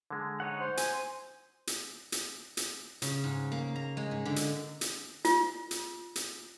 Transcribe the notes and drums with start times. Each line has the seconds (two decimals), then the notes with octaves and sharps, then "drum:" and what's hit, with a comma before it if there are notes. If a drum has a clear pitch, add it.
0.10 D3 G#3
0.40 D#4 C#5 F#5
0.60 C5
0.77 G#5, drum: hi-hat
1.67 drum: hi-hat
2.12 drum: hi-hat
2.57 drum: hi-hat
3.02 C#3, drum: hi-hat
3.24 G#2
3.52 A#3
3.76 A#5
3.97 G#3
4.11 G#2
4.25 D3
4.36 drum: hi-hat
4.81 drum: hi-hat
5.25 F4, drum: hi-hat
5.71 drum: hi-hat
6.16 drum: hi-hat